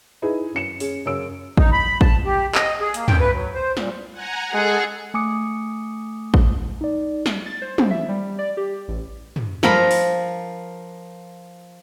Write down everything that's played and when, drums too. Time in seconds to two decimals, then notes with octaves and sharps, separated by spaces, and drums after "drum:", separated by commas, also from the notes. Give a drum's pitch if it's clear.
0.22 D#4 E4 G#4 B4
0.54 F#2 C#7 E7
0.80 C#4 G#4, drum: open hi-hat
1.06 F#2 C#3 C#4 A#4 E6 D7
1.57 D#4, drum: kick A1
1.72 B5
2.01 A5, drum: kick A1
2.25 G4
2.55 D#5, drum: clap
2.81 G#4
2.94 A#3, drum: hi-hat
3.08 G5, drum: tom
3.20 B4
3.32 F#3
3.54 C5
3.77 A#2, drum: snare
4.12 F#5 G#5 A#5
4.54 G#3 G#4 A4 F#5
5.14 A3 G#5 D6 D#6 C#7
6.34 drum: kick A1
6.81 D#4 D5
7.26 drum: snare
7.46 A6
7.62 C5
7.78 drum: tom
7.91 E5
8.09 G3
8.39 D5
8.57 G4
8.88 A1
9.36 drum: tom
9.63 F3 A#4 B5, drum: snare
9.91 drum: open hi-hat